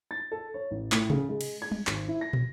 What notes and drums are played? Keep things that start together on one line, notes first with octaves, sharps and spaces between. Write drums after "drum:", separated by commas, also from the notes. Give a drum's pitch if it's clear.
A6
A4
C#5
A1
A2, drum: clap
C#3, drum: tom C3
G#3
drum: cymbal
G#6
drum: tom G3
G#1, drum: clap
E4
A#6
drum: tom